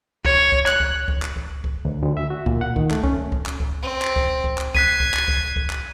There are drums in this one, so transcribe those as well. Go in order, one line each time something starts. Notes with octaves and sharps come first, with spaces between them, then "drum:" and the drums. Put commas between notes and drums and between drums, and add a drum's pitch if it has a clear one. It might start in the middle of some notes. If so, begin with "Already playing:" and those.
C#5, drum: kick C#2
drum: kick C#2
F#6, drum: clap
drum: kick C#2
drum: kick C#2
drum: clap
drum: kick C#2
drum: kick C#2
D2
D2
E5
F#4
A#2, drum: kick C#2
F#5
D#3, drum: kick C#2
A3, drum: clap
C#4, drum: kick C#2
drum: kick C#2
drum: clap
drum: kick C#2
C4
drum: clap
drum: kick C#2
drum: kick C#2
drum: clap
F#6 G#6 B6 C7 D#7, drum: kick C#2
drum: kick C#2
drum: clap
drum: kick C#2
drum: kick C#2
drum: clap